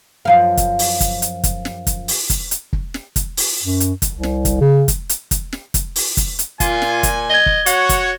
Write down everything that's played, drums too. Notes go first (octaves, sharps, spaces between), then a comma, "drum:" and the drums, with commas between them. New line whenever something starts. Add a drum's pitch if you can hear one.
F#2 F3 F5
drum: kick, hi-hat
drum: open hi-hat
drum: kick, hi-hat
drum: hi-hat
drum: kick, hi-hat
drum: snare
drum: kick, hi-hat
drum: open hi-hat
drum: kick, hi-hat
drum: hi-hat
drum: kick
drum: snare
drum: kick, hi-hat
drum: open hi-hat
F#2
drum: hi-hat
drum: kick, hi-hat
C2
drum: snare
drum: kick, hi-hat
C#3
drum: kick, hi-hat
drum: hi-hat
drum: kick, hi-hat
drum: snare
drum: kick, hi-hat
drum: open hi-hat
drum: kick, hi-hat
drum: hi-hat
A#2 F4 G#5, drum: kick, hi-hat
drum: snare
drum: kick, hi-hat
D#5 G#6 G7
drum: kick
F#4 C#5 F#5, drum: hi-hat
drum: kick, hi-hat